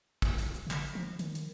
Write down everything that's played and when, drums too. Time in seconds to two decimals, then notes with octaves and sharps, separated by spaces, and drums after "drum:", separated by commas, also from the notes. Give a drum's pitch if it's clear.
0.22 drum: kick, hi-hat
0.38 drum: hi-hat
0.55 drum: hi-hat
0.67 C3
0.71 D3, drum: clap
0.95 F3
1.19 D#3, drum: hi-hat
1.35 drum: hi-hat